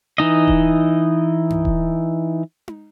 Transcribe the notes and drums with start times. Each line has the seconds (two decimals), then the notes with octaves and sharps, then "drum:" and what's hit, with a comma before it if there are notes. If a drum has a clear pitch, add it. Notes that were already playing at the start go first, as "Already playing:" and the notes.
0.18 E3 D#4 D#5
0.48 drum: kick D#1
1.50 drum: tom F#2
1.65 drum: kick D#1
2.68 drum: tom D#4